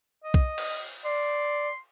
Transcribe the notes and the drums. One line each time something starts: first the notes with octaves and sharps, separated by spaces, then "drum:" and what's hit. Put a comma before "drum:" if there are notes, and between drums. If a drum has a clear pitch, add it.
D#5
drum: kick B1
drum: cymbal
D5 C6